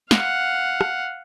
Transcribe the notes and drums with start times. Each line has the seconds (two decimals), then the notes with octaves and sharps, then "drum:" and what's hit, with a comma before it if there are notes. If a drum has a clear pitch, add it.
0.11 F5 F#5, drum: snare
0.81 drum: rim click